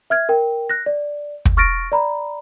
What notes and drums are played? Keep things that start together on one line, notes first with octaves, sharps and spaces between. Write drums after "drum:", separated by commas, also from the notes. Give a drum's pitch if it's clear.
E5 F6 G#6
A#4 G5
F#6 A#6
D5
drum: kick
C#6 F6 A6 A#6 D7
D5 A#5 B5